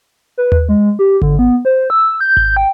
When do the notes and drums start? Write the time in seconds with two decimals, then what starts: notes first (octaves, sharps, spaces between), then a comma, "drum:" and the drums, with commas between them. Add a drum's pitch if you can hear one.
0.38 B4
0.52 drum: tom D#2
0.69 G#3
0.99 G4
1.22 D3, drum: kick G#1
1.39 B3
1.65 C5
1.90 E6
2.20 G6
2.37 drum: kick G#1
2.57 G5